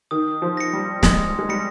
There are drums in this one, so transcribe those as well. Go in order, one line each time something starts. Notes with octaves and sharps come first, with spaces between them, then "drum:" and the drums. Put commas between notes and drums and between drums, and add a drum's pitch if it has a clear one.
D#3 D#6
F3
A#6 C#7
G3
G#3 D#6, drum: snare
G#3
G3 A#6 C#7